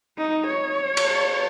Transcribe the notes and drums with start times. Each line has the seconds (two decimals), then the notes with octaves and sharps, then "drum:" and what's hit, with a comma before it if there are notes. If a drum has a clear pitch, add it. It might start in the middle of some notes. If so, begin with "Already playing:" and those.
0.18 D#4
0.47 C#5
0.97 drum: cymbal